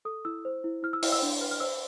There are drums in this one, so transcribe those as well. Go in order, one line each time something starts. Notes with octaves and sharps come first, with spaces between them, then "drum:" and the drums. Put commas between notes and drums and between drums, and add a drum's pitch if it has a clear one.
A4 D#6
E4 E6
C5
E4
E4 F6
E6
E4 F6, drum: open hi-hat
E6
D4
B4 F6
F6
C5 E6